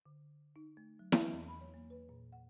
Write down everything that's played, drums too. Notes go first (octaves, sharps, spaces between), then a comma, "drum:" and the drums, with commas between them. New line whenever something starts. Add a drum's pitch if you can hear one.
D3
D#4
A3
F#3
E3, drum: snare E4
E2
B5
C#5
A#3
B4
A#2
F#5